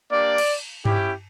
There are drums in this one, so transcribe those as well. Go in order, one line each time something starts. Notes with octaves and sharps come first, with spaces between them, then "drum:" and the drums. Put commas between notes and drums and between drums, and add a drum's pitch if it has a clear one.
A#3 D4 G4 D5
drum: cymbal
C#4 E4 G4, drum: tom G2